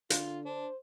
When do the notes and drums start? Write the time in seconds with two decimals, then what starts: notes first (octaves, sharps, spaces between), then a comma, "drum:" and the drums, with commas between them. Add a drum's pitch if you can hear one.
0.10 D3 F4, drum: hi-hat
0.45 D4 C5